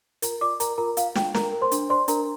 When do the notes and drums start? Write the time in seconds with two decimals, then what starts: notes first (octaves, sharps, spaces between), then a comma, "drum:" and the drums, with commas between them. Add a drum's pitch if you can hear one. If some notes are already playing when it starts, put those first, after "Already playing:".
0.22 F4 A#4 A#5, drum: hi-hat
0.41 F4 D5 D6
0.60 A#4 D5 A#5, drum: hi-hat
0.78 F4 A#4 A#5
0.97 F4 F5, drum: hi-hat
1.15 F4 G5, drum: snare
1.34 A#4 A#5, drum: snare
1.52 A#4
1.62 C5 C6
1.71 D4, drum: hi-hat
1.90 C5 D5 C6
2.08 D4 A#4 A#5, drum: hi-hat